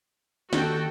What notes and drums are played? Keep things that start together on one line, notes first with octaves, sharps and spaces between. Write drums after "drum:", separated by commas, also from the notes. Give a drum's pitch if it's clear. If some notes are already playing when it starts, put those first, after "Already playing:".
D#2 F#4 A4 G5, drum: snare